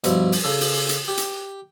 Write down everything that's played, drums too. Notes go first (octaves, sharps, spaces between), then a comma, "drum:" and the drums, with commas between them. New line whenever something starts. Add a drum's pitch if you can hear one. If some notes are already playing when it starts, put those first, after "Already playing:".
G2 B2 F3 E4, drum: hi-hat
drum: open hi-hat
C#3 A4
drum: open hi-hat
drum: hi-hat
G4
drum: hi-hat